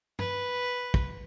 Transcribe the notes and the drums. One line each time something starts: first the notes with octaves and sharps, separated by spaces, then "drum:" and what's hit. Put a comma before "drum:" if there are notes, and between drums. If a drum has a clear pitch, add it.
B4, drum: tom
drum: kick